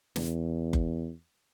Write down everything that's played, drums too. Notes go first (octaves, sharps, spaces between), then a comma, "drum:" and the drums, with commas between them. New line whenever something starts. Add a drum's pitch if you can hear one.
E2, drum: snare
drum: kick F#1